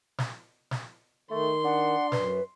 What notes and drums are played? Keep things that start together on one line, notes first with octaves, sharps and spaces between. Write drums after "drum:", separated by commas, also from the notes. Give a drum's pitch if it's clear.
drum: snare
drum: snare
D#3 A3 C6
D4 F#5
F#2 B4, drum: snare